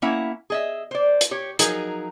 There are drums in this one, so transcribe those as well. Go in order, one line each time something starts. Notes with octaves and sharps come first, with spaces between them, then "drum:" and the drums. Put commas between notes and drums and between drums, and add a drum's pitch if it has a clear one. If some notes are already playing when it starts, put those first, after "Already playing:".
A#3 C#4 E4 E5 F#5
G#4 D#5 E5
C5 D5
drum: hi-hat
G4 C#5
F3 F#3 D#4 G#4 A#4, drum: hi-hat